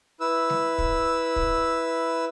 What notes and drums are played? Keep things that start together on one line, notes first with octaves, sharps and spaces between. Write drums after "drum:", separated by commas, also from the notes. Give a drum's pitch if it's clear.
E4 B4 E6
drum: snare G#3
drum: kick
drum: kick